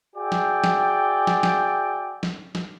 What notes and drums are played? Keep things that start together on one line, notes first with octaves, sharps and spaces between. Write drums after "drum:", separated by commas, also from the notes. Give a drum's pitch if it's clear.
F#4 G#4 D5 E5 G5
drum: snare
drum: snare
drum: snare
drum: snare
drum: snare
drum: snare